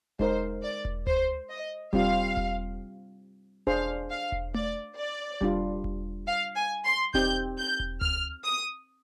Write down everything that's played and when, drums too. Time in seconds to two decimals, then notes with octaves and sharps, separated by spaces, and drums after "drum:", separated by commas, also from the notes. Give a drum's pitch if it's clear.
0.19 G#3 D#4 A#4 C5, drum: kick E1
0.63 D5
0.85 drum: kick E1
1.07 C5, drum: tom D2
1.50 D#5
1.93 G3 C4 F4 F5, drum: kick E1
2.37 drum: kick E1
3.67 D4 G#4 C5 F5, drum: kick E1
4.10 F5
4.32 drum: kick E1
4.54 D5, drum: tom A3
4.97 D5
5.41 G3 D4 F4, drum: kick E1
5.84 drum: kick E1
6.27 F5
6.56 G#5
6.85 C6
7.14 C4 D#4 G4 G6, drum: kick E1
7.58 G6
7.80 drum: kick E1
8.01 F6, drum: tom D2
8.44 D#6